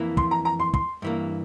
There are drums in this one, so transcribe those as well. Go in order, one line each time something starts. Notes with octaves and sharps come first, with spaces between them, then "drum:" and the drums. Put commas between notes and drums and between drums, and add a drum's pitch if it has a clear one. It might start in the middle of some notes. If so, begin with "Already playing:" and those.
Already playing: F2 E3 A#3 E4
C6, drum: kick
A#5
A#5
C6
C6, drum: kick
G2 E3 A#3